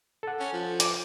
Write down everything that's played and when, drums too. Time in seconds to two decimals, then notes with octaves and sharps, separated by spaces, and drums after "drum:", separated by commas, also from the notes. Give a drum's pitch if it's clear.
0.23 A4 F#5
0.40 C#4
0.53 F3
0.80 D6, drum: hi-hat